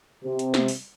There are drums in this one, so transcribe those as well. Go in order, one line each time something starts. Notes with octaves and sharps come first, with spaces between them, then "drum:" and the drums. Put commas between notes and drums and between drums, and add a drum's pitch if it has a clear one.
C3
drum: hi-hat
drum: snare
drum: open hi-hat